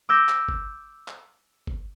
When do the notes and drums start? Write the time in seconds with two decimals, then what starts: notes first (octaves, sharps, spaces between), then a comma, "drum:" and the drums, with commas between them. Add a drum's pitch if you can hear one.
0.09 D6 E6 G6 A#6
0.29 drum: clap
0.49 drum: kick G1
1.08 drum: clap
1.67 drum: kick G1